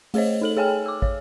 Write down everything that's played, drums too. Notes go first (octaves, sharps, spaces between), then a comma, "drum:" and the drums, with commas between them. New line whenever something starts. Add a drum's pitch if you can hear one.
A3 G#4 C5 C#5 D#5, drum: open hi-hat
D#4 A4 F#7
G#4 C#5 G5 G#5 F6
D6 E6
C#5, drum: kick